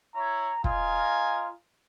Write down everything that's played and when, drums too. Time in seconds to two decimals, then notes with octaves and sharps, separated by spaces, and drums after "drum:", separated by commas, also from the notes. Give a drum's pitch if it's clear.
0.15 E4 C#5 A#5
0.64 F4 A#4 D#5 G#5, drum: kick